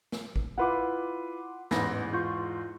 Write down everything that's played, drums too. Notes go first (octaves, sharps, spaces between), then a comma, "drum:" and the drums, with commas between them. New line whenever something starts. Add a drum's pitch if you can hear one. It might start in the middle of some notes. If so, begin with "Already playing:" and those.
drum: snare
drum: kick
E4 F4 B4 F#5 C6 D6
A1 E2 G#2 A#6, drum: snare
F4 C6 C#6 G6